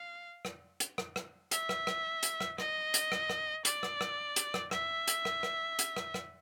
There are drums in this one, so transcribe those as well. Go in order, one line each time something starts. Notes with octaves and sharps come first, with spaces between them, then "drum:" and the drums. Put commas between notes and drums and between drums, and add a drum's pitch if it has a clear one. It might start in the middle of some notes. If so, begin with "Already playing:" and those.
Already playing: F5
drum: rim click
drum: hi-hat
drum: rim click
drum: rim click
E5, drum: hi-hat
drum: rim click
drum: rim click
drum: hi-hat
drum: rim click
D#5, drum: rim click
drum: hi-hat
drum: rim click
drum: rim click
D5, drum: hi-hat
drum: rim click
drum: rim click
drum: hi-hat
drum: rim click
E5, drum: rim click
drum: hi-hat
drum: rim click
drum: rim click
drum: hi-hat
drum: rim click
drum: rim click